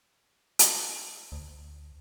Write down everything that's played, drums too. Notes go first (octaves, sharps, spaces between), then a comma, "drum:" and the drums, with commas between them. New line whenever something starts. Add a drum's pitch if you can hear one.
drum: hi-hat
D2